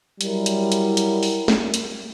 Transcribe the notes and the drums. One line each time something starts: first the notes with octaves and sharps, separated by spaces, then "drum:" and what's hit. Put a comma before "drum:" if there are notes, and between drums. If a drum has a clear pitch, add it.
F#3 G3 E4 A#4, drum: hi-hat
drum: hi-hat
drum: hi-hat
drum: hi-hat
drum: open hi-hat
drum: snare
drum: hi-hat